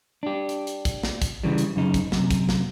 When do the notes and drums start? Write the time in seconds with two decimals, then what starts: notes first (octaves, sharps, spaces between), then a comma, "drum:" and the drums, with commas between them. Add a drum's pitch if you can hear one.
0.23 D4 G4
0.49 drum: hi-hat
0.67 drum: hi-hat
0.85 drum: kick, hi-hat
1.03 drum: snare
1.22 drum: kick, hi-hat
1.43 C#3 E3 G3
1.58 drum: hi-hat
1.76 F#2 C#3 D#4
1.94 drum: kick, hi-hat
2.12 F#2 C3, drum: snare
2.31 drum: kick, hi-hat
2.49 drum: snare